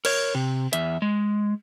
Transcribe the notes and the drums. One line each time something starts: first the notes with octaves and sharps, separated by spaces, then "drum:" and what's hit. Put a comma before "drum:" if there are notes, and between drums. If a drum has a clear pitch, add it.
A#4 C#5, drum: cymbal
C3
E2 E5, drum: hi-hat
G#3